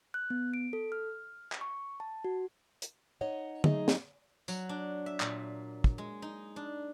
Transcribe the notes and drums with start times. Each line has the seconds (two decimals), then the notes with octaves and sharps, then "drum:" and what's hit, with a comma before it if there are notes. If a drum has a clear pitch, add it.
0.14 F#6
0.30 B3
0.54 D7
0.73 A4
0.92 F6
1.52 drum: clap
1.61 C#6
2.00 A5
2.24 F#4
2.82 drum: hi-hat
3.21 D#4 C#5 D#5 F#5
3.64 F#3 A3 D#4 G#4 D#5, drum: tom D3
3.88 drum: snare
4.48 F#3, drum: tambourine
4.69 D4
5.06 E5
5.20 A#2, drum: clap
5.84 drum: kick
5.98 G#3
6.22 D#4
6.56 D4